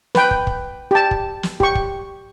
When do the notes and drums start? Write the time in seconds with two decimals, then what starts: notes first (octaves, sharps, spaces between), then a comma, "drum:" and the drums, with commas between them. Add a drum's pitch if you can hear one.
0.15 B4 G5, drum: snare
0.31 drum: kick
0.47 drum: kick
0.91 G4 A5
1.11 drum: kick
1.43 drum: snare
1.60 G4 C#6, drum: kick
1.75 drum: kick